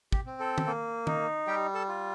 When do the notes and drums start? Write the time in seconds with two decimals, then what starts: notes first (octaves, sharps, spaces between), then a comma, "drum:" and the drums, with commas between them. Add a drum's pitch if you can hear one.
0.12 G4, drum: kick
0.26 C4
0.40 A4
0.58 drum: tom
0.67 A#3
1.07 D#4, drum: tom
1.47 G3 G4 G5
1.74 A4 A5
1.88 F4